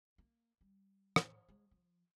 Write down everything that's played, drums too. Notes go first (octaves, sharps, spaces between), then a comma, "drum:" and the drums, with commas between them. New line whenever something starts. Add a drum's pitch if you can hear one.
A#3
G3
A2, drum: rim click
G#3
F3